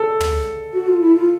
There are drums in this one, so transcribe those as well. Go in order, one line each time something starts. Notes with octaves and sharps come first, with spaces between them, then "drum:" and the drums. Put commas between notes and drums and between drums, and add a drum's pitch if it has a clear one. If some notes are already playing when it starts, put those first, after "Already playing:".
Already playing: A4
drum: tom
F#4
F4
E4
F4